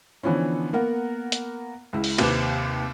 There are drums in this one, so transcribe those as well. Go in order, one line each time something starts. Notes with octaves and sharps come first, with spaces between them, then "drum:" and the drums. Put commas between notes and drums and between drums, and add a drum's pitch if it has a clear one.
D3 E3 F3 B3 C#4
A#3 B3 A#4 F#5
drum: hi-hat
C#2 E4
drum: open hi-hat
D#2 C3 B4 D6 E7, drum: cymbal